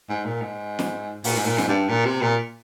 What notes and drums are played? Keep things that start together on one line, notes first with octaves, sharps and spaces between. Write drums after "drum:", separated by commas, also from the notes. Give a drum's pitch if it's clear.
G#2
A#2
G#2
drum: snare
A#2, drum: open hi-hat
G#2
A#2
G#2, drum: snare
G2
A#2
C3
A#2